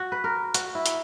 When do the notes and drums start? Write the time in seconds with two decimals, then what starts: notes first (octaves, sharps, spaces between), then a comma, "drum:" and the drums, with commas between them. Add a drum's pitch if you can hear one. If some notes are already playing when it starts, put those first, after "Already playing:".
Already playing: F#4
0.12 B4
0.24 A#4
0.54 F#4, drum: hi-hat
0.75 E4
0.86 drum: hi-hat